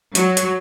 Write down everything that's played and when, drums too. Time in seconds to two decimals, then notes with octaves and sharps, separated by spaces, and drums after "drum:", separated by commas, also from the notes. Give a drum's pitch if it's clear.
0.15 F#3, drum: hi-hat
0.37 drum: hi-hat